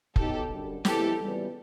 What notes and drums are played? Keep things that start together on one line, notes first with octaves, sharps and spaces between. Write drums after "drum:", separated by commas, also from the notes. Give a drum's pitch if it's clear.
F#3 B3 D#4 G4 A4, drum: kick F1
F#2 D3 G3
C3 E3 G#3 B3 E4 G4 A4, drum: snare
F2 C#3 E3 G3 B3